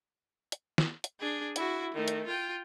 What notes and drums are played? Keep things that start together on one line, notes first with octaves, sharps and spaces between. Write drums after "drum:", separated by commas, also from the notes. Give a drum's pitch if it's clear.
drum: hi-hat
drum: snare
drum: hi-hat
D4 G#4
E4 F#4, drum: hi-hat
D#3 A3
drum: hi-hat
F4 G5